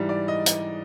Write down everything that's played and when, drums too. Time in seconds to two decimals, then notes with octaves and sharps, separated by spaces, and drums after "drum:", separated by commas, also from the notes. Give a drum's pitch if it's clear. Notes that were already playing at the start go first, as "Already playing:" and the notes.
Already playing: G#2 E3 G3
0.09 D5
0.28 D#5
0.46 drum: hi-hat